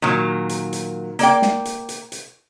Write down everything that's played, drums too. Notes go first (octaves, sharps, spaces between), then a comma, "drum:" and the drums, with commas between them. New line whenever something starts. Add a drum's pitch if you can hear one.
A#2 D#3 F#3
drum: hi-hat
drum: hi-hat
A#3 D5 G5, drum: hi-hat
drum: snare
drum: hi-hat
drum: hi-hat
drum: hi-hat